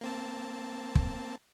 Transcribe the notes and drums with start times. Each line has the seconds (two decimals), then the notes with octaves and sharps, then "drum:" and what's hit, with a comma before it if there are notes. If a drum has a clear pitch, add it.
0.01 A#3 C4 A5
0.95 drum: kick